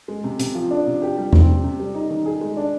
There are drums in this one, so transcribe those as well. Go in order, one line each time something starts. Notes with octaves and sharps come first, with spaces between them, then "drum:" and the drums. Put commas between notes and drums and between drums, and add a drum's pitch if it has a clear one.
G#3
C3
C3, drum: hi-hat
F3
D4
C3
G4
G3
C4, drum: tom E2
C3
C3
G3
D#4
D#3
G#4
G#3
D4